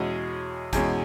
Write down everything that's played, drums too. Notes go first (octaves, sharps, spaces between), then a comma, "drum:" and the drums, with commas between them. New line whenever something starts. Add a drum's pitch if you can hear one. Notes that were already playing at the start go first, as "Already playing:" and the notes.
Already playing: E2 B2 G#3 C#4 G#4
E2 B2 G#3 C#4, drum: kick, hi-hat